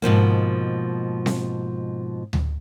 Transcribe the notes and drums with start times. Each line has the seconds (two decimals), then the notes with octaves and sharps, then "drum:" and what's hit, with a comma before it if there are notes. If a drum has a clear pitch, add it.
0.02 G#2 B2 F3 A#3
1.26 drum: snare C4
2.33 drum: tom D2